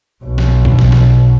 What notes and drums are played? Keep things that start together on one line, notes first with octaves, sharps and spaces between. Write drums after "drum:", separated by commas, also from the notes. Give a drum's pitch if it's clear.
B1 B2
drum: snare
drum: kick
drum: snare
drum: snare